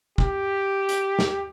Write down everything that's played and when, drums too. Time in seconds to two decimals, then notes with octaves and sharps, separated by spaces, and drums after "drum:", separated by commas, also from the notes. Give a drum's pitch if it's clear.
0.18 G4, drum: kick
0.89 drum: hi-hat
1.19 drum: snare